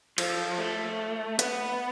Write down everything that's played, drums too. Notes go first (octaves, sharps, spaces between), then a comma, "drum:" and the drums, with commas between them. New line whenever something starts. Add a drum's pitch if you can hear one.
F3, drum: cymbal
A3
B3, drum: hi-hat